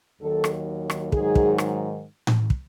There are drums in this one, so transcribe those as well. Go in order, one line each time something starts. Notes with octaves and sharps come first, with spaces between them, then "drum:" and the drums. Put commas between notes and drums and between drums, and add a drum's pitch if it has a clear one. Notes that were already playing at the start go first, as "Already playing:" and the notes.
D#2 D#3 F#3 A4
drum: rim click
drum: rim click
G#2 D#3 F#3 G#4, drum: kick
drum: kick
drum: rim click
drum: tom A2
drum: kick